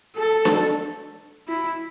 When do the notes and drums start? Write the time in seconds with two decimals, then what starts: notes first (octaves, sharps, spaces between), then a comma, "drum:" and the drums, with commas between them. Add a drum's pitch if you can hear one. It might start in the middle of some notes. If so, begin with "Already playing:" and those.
0.16 A4
0.45 drum: snare D4
1.48 E4